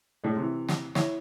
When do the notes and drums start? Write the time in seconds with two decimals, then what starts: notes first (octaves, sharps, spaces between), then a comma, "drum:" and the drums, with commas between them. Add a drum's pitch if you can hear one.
0.24 A2 G#3
0.37 C3 E3
0.69 drum: snare
0.95 E4 C#5, drum: snare